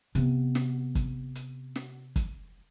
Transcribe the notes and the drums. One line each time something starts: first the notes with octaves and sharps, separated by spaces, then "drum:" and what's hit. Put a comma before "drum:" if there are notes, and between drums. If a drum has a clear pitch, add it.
C3 B3, drum: hi-hat
drum: snare
drum: kick, hi-hat
drum: hi-hat
drum: snare
drum: kick, hi-hat